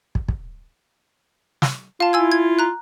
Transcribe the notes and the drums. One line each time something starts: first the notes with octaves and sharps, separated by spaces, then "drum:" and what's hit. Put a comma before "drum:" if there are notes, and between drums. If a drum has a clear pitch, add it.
drum: kick
drum: kick
drum: snare
F4 F5 A5
E4 G#5 E6 G#6
G#6
A#5 F#6